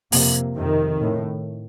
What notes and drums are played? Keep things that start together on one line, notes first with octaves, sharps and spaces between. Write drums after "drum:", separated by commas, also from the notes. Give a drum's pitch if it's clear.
F2 C3 A#3, drum: open hi-hat
F2 C3 D#3
A2